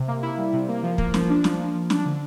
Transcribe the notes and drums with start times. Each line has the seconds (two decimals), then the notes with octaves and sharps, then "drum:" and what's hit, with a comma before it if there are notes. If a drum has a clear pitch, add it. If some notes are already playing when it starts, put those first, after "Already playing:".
Already playing: C3
0.08 A#3
0.23 E4
0.38 G3
0.53 C3
0.68 A#3
0.83 F3
0.98 A#3, drum: kick
1.14 F3, drum: snare
1.30 D4
1.44 F3, drum: snare
1.59 A#3
1.74 F3
1.90 D4, drum: snare
2.05 D3